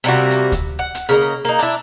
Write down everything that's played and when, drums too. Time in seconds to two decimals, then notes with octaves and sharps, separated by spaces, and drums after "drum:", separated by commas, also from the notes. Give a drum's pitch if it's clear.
0.04 C3 G3 A#3 F#4
0.31 drum: hi-hat
0.52 drum: kick D2, hi-hat
0.79 F#5
0.95 drum: hi-hat
1.09 C#3 A#3 D#5
1.45 A#3 D#4
1.59 D4 E4, drum: hi-hat